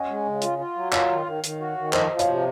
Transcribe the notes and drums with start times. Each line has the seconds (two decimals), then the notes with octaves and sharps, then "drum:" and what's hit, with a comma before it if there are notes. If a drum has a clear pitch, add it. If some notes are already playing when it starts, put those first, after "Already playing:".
Already playing: C#4 D#5 F#5
0.09 G#3
0.26 C#3
0.42 F4, drum: hi-hat
0.58 F4
0.76 F#3
0.92 F4 C#5 F5, drum: clap
1.09 D#3
1.26 D#3
1.44 D#3, drum: hi-hat
1.60 F#4
1.77 D#3
1.93 F3 C5 D#5, drum: clap
2.10 F3
2.19 C#5 F5, drum: hi-hat
2.28 C3